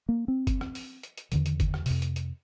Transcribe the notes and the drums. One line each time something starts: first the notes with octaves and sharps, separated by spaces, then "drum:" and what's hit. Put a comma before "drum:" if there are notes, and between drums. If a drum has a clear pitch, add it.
A#3
C4
drum: kick, hi-hat
drum: rim click
drum: open hi-hat
drum: hi-hat
drum: hi-hat
E2 D3 D#3, drum: hi-hat
drum: hi-hat
drum: kick, hi-hat
drum: rim click
F2 C3, drum: open hi-hat
drum: hi-hat
drum: hi-hat